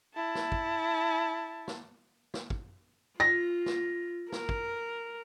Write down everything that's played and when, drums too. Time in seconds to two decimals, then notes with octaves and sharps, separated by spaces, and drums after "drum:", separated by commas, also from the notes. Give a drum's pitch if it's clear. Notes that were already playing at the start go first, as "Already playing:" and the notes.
0.14 E4 A5
0.35 drum: snare
0.52 drum: kick
1.68 drum: snare
2.34 drum: snare
2.50 drum: kick
3.20 F4 A#6
3.66 drum: snare
4.32 A#4, drum: snare
4.49 drum: kick